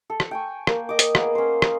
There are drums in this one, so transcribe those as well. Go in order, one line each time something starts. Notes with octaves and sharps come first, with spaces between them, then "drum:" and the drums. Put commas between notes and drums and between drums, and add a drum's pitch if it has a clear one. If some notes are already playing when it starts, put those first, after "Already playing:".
A4
drum: rim click
G5 G#5 C#6
A#3, drum: rim click
D#5 D6
drum: hi-hat
A#3 B3 G#4, drum: rim click
C#4 C5
drum: rim click